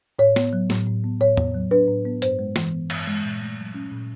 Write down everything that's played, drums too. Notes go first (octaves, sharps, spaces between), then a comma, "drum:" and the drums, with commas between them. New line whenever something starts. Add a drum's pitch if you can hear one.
A2 C#5
B3, drum: snare
F#3
A2, drum: snare
A2
B3
A2 C#5
B3, drum: tom E2
F#3
D4 B4
A2
B3
G2 C5, drum: hi-hat
G#3
E3, drum: snare
B3
G2, drum: cymbal
G#3
A#2
A3
F#3
C#4
A#2